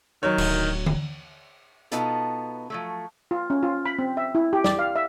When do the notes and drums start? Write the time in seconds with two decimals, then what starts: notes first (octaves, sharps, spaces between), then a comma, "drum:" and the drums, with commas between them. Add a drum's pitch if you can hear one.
0.23 D#3 F#3 C#5
0.38 D1, drum: cymbal
0.86 drum: tom D3
1.91 B2 B3 D#4 F4 A4, drum: hi-hat
2.70 F3 F#3 A3
3.31 F4
3.50 C#4
3.63 F4
3.86 B5
3.99 C4
4.17 E5
4.35 E4
4.53 G4
4.64 D5, drum: snare
4.79 F5
4.96 E5